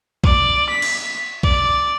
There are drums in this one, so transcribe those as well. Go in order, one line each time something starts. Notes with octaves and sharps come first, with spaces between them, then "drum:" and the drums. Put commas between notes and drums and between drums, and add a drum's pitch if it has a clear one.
D5, drum: kick B1
B6
drum: cymbal
D5, drum: kick B1